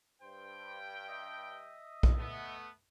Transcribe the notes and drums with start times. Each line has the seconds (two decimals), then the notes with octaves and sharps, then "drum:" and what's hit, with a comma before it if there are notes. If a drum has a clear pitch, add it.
0.21 G2 C5 G5
1.08 D#5 E5 D#6
2.03 drum: kick B1
2.16 A3 B3